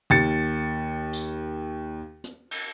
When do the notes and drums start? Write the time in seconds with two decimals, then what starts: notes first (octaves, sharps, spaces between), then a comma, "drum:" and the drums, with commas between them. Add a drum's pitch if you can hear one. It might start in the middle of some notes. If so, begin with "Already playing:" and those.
0.10 D#2 A6 C#7
1.13 drum: tambourine
2.24 drum: hi-hat
2.51 drum: cymbal